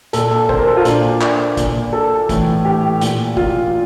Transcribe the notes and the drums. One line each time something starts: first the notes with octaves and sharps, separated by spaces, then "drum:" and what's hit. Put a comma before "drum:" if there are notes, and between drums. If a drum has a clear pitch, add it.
A#2 A4, drum: hi-hat
A4
C5, drum: kick
A#4
A4
F4
A#2 D4, drum: hi-hat
drum: clap
A#2, drum: kick, hi-hat
A4
A2 E3, drum: kick, hi-hat
G4
A#2, drum: hi-hat
F4, drum: kick